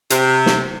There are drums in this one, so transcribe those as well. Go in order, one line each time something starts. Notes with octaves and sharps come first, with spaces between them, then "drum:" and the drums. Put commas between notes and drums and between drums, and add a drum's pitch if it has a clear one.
C3, drum: hi-hat
drum: snare